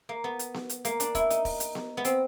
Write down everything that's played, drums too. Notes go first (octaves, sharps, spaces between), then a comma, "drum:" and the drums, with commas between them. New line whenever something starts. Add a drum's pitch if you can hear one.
A#3
B3
drum: hi-hat
drum: snare B3
drum: hi-hat
A#3, drum: hi-hat
D4, drum: hi-hat
E4, drum: kick, hi-hat
D#4, drum: hi-hat
drum: kick, open hi-hat
drum: hi-hat
drum: snare B3
B3
C4, drum: hi-hat